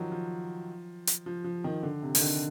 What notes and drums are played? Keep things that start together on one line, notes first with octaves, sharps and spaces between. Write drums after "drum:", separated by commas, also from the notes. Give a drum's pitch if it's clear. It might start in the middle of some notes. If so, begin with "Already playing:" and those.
Already playing: D#3 F3 F#3
F3
drum: hi-hat
F3
F3
D#3
D3
C3
D#3, drum: open hi-hat
D3